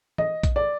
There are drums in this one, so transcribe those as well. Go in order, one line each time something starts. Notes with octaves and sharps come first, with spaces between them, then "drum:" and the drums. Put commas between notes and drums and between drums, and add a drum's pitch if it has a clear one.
D#5, drum: tom
drum: kick A#1, hi-hat
D5